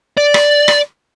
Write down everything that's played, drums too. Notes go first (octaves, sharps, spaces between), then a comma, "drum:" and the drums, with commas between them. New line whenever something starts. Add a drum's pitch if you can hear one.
D5
drum: rim click
drum: rim click